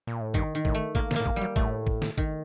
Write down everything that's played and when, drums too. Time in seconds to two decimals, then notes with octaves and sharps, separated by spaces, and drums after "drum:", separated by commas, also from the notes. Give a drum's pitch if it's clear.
0.07 A#2
0.21 A2
0.34 G2 D#3, drum: kick
0.55 D#3
0.65 A2, drum: kick
0.75 A3
0.95 A#2 A#3, drum: kick
1.11 A#2, drum: snare
1.16 A2 A#3
1.26 G2, drum: kick
1.36 G3
1.41 F#3
1.56 A2 A3, drum: kick
1.87 drum: kick
2.02 drum: snare
2.18 D#3, drum: kick